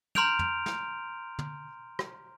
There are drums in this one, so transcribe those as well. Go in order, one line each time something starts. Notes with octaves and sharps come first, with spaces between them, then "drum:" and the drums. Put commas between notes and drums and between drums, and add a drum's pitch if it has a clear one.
A#5 C6 F6 G6 D7 F7, drum: tom
drum: tom
drum: snare
drum: tom
drum: rim click